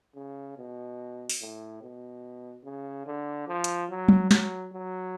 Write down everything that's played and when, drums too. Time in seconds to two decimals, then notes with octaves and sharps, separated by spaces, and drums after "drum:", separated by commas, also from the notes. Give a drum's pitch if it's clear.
0.15 C#3
0.58 B2
1.30 drum: open hi-hat
1.41 A2
1.82 B2
2.65 C#3
3.06 D3
3.47 F3
3.64 drum: hi-hat
3.90 F#3
4.08 drum: tom
4.31 F#3, drum: snare
4.73 F#3